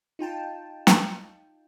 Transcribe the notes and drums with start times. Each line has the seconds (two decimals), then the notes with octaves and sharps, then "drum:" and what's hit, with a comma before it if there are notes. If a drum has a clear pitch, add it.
0.19 D#4 F4 G5 A5
0.87 drum: snare